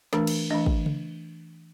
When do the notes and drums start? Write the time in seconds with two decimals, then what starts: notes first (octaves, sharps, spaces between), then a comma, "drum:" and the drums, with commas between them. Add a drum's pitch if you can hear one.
0.13 E3 A3 D4 A#4, drum: snare
0.27 drum: cymbal
0.50 E3 A3 D4 D#5
0.66 drum: kick
0.86 drum: tom C#3